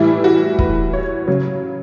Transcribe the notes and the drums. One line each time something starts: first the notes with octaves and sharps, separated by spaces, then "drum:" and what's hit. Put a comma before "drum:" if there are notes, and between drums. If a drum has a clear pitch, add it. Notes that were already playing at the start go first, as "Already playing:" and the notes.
Already playing: A2 E3 G3 E4
F#4
B4, drum: kick
C#5
C#3 F#3